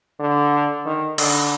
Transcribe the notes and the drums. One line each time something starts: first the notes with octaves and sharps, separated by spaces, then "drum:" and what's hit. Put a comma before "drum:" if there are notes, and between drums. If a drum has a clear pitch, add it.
D3
D#3
D3, drum: cymbal